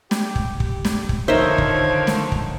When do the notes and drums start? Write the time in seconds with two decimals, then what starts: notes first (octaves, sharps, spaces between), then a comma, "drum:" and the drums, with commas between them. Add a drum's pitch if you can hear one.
0.11 G4, drum: snare
0.35 drum: kick
0.60 drum: kick
0.85 drum: snare
1.09 drum: kick
1.28 D3 D#3 F3 D#4 A#4 C5 C#5 E5
1.58 drum: kick
2.07 drum: snare
2.32 drum: kick